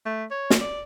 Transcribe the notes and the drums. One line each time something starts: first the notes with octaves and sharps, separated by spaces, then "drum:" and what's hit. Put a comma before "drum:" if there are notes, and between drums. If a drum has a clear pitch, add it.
A3
C#5
drum: snare
D5